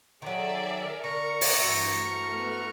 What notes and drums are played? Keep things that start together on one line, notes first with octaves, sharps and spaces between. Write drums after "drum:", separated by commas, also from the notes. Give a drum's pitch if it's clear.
D#3 F#3 G#4 A4 D5 E5
A#4
D3 A#5 C#6 C#7
drum: open hi-hat
G2 E3 E4 F#4 C5 G6
A3 F6
B3